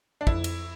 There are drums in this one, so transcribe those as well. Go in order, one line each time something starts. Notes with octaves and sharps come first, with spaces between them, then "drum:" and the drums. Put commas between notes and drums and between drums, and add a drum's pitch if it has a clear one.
D4
F2 E4, drum: kick
drum: cymbal